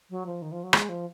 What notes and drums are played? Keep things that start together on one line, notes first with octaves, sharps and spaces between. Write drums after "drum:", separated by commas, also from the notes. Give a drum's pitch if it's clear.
F#3
F3
D#3
F3
F#3
G#3, drum: rim click
F3